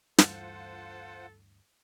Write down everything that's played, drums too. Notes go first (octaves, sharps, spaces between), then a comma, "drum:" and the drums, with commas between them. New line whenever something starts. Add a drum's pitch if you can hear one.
D2 G2 E3 F4 A4 C5 F#5, drum: snare